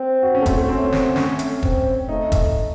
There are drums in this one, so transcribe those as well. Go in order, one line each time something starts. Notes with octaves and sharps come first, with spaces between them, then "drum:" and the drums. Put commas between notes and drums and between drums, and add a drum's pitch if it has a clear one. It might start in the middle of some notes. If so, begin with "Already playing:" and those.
Already playing: C4
F#4
C#4
A3
C4, drum: kick, hi-hat
A3
C4 C#4
C4, drum: snare
A3 C#4, drum: snare
drum: hi-hat
C4, drum: kick
A3 D#4
drum: kick, hi-hat